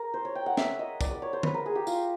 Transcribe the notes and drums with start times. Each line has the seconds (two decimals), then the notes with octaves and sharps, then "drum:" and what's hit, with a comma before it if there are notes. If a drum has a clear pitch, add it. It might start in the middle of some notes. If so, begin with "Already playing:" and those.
Already playing: A#4
0.14 C5
0.25 C#5
0.35 G5
0.46 F#5
0.57 E5, drum: snare
0.79 D#5
1.01 D5, drum: kick, tambourine
1.11 D5
1.22 C#5
1.33 C5
1.43 B4, drum: tom D3
1.54 A#4
1.66 G#4
1.75 G4
1.87 F4, drum: tambourine